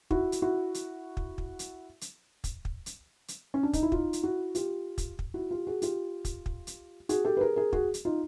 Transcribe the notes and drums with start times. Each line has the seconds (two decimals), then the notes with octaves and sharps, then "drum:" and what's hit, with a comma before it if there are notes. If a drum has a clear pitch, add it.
0.11 E4 F#4, drum: kick
0.32 drum: hi-hat
0.42 E4 F#4
0.74 drum: hi-hat
1.17 drum: kick
1.38 drum: kick
1.59 drum: hi-hat
2.01 drum: hi-hat
2.44 drum: kick, hi-hat
2.65 drum: kick
2.86 drum: hi-hat
3.28 drum: hi-hat
3.54 C#4
3.63 D4
3.73 D#4, drum: kick, hi-hat
3.83 E4
3.92 D#4 F4, drum: kick
4.13 drum: hi-hat
4.23 E4 F#4
4.55 F4 G4, drum: hi-hat
4.98 drum: kick, hi-hat
5.19 drum: kick
5.34 E4 F#4
5.51 F4 G4
5.67 F#4 G#4
5.82 F4 G4, drum: hi-hat
6.25 drum: kick, hi-hat
6.46 drum: kick
6.67 drum: hi-hat
7.09 F#4 G#4, drum: hi-hat
7.25 G4 A4
7.37 B4
7.41 G#4 A#4
7.56 G#4 A#4
7.73 F#4 G#4, drum: kick
7.94 drum: hi-hat
8.05 D#4 F4